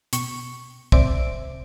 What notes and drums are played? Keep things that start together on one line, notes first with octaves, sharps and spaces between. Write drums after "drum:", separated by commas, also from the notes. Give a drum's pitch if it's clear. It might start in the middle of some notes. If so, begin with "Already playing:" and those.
B2 C#6, drum: hi-hat
C3 C5 D5 E5 D7, drum: kick